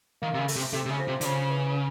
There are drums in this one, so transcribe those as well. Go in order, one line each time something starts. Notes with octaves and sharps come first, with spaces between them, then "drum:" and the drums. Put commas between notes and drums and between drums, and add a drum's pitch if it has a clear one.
D#3 A#3
C3
C#3
A3, drum: open hi-hat
C3
C3 A3
C3
C#3
F3
C3
D3, drum: hi-hat
C#3 F3
E3